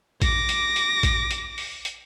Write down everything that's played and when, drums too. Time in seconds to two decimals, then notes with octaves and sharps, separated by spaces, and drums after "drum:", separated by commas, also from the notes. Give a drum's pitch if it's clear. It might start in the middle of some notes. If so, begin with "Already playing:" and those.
0.22 D6 A#6, drum: kick A1, hi-hat
0.49 drum: hi-hat
0.76 drum: hi-hat
1.03 drum: kick A1, hi-hat
1.31 drum: hi-hat
1.58 drum: open hi-hat
1.85 drum: hi-hat